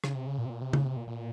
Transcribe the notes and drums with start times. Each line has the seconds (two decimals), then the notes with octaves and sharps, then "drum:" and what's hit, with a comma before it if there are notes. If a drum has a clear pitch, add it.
0.04 C#3, drum: rim click
0.15 C3
0.27 C#3
0.38 A#2
0.45 C3
0.50 A#2
0.61 C3
0.73 C#3, drum: tom C#3
0.85 C3
0.96 A#2
1.08 A#2